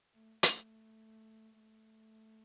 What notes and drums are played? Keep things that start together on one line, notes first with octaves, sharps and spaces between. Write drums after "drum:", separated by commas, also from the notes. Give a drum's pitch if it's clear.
A3
A3, drum: hi-hat
A3